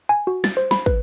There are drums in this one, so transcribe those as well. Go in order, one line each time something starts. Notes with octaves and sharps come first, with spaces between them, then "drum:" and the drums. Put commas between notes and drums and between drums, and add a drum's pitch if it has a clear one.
G#5
F#4
A6, drum: snare
C5
B5, drum: snare
B4, drum: kick